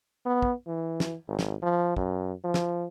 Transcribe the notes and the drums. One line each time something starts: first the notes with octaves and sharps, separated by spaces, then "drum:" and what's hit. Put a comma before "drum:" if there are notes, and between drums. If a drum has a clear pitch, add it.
B3
drum: kick
E3
drum: snare
G#1
drum: snare
F3
F#2, drum: kick
F3
drum: snare